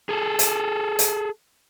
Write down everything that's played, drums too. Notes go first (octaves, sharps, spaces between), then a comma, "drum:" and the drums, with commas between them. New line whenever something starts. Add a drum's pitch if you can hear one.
G#4 A4
drum: hi-hat
drum: hi-hat